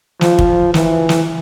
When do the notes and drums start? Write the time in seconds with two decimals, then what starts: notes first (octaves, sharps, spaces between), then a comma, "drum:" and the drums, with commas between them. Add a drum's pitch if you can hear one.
0.21 F3, drum: snare
0.39 drum: kick
0.74 E3, drum: snare
1.09 drum: snare